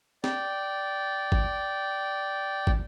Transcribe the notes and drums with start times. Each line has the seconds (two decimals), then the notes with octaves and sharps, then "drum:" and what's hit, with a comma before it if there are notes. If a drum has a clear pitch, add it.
0.24 D5 G5, drum: snare
1.32 drum: kick
2.67 drum: kick